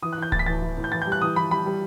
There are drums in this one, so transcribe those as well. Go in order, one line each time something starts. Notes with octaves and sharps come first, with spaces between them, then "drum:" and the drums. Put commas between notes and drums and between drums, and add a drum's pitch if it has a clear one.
E3 D#6
F#6
E3 G6
A2 A6, drum: kick D1
B6
E3 A6
E3
A2
G6
E3 A6
G6
G3 F#6
E3 D#6
E3 B5
G3 B5
G3